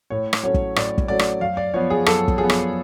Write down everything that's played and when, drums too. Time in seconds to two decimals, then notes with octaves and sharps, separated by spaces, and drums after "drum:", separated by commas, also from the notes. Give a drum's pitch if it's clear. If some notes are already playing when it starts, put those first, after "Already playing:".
0.10 A2 C#5
0.33 drum: rim click
0.43 F#3 A3 C#4 C#5
0.54 drum: kick
0.76 A2 D5, drum: rim click
0.98 drum: kick
1.08 F#3 A3 C#4 D5
1.19 drum: rim click
1.41 F#2 F5
1.57 D5
1.74 F3 B3 C#5
1.90 G#4
2.06 F#2 A4, drum: rim click
2.28 drum: kick
2.38 F3 B3 G#4
2.50 drum: rim click